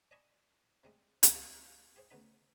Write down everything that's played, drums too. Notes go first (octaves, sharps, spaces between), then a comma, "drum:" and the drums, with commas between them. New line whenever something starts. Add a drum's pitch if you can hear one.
D5 D#5 G#5 A5 B5 C#6
C3 G3 G#3
G#2 C#3 A#3, drum: hi-hat
G4 G#4 C5 C#5
D2 C#3 B3 D#4 B5